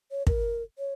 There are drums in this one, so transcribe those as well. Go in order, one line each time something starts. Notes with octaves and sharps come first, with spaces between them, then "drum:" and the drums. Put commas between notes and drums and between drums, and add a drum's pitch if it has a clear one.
C#5
A#4, drum: kick
C#5